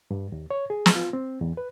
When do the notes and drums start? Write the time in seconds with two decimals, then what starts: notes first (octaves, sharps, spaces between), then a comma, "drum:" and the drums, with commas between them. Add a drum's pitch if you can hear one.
0.11 G2
0.32 D#2
0.51 C#5
0.70 G#4
0.86 drum: snare
0.95 F4
1.13 C4
1.41 E2
1.57 B4